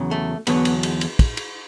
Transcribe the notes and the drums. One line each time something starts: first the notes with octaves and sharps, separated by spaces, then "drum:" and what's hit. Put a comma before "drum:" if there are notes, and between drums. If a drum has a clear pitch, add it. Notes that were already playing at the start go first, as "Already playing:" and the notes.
Already playing: E2 C#3 F#3
A3
E2 D3 F#3 B3, drum: cymbal
drum: cymbal
drum: cymbal
drum: cymbal
drum: kick, cymbal
drum: cymbal